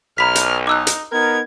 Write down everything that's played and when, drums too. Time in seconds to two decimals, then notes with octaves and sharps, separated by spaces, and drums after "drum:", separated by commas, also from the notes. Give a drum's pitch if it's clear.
0.18 B1 A#5 B5 F6 B6
0.35 drum: hi-hat
0.67 D#4 D6 E6 F#6
0.87 drum: hi-hat
1.12 B3 D#4 A#4 G#6